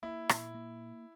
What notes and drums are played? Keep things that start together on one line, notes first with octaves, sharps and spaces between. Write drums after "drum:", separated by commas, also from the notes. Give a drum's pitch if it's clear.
A#3 E4
A#2, drum: rim click
A#3